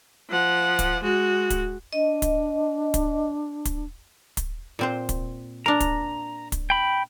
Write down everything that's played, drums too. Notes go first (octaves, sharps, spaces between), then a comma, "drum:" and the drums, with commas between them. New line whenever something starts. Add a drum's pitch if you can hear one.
F3 F#5
drum: kick, hi-hat
G#3 F#4
drum: kick, hi-hat
D4 D#5
drum: kick, hi-hat
drum: kick, hi-hat
drum: kick, hi-hat
drum: kick, hi-hat
A#2 C4 C5
drum: kick, hi-hat
D4 A#4 A#5
drum: kick, hi-hat
drum: kick, hi-hat
G5 B5